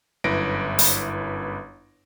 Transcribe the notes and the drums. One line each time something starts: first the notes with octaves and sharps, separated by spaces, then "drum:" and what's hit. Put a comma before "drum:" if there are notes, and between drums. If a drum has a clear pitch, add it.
G1 F#2 E4 B4 A#6 D7
drum: open hi-hat